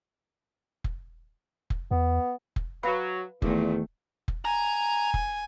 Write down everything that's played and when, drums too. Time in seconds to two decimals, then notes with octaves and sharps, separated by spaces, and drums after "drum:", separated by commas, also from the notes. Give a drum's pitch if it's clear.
0.84 drum: kick F1
1.70 drum: kick F1
1.91 E2 B3
2.56 drum: kick F1
2.83 F#3 B4 F5 B5
3.42 E2 A#2 D#3 A3, drum: kick F1
4.28 drum: kick F1
4.45 G#5 A#5
5.14 drum: kick F1